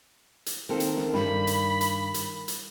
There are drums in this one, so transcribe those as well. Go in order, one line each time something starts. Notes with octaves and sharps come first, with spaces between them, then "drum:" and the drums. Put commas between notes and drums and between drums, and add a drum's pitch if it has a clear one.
drum: hi-hat
D#3 A#3 C4 A4 A#4
drum: hi-hat
drum: snare
G2 B5, drum: snare
drum: hi-hat
drum: hi-hat
drum: hi-hat
drum: hi-hat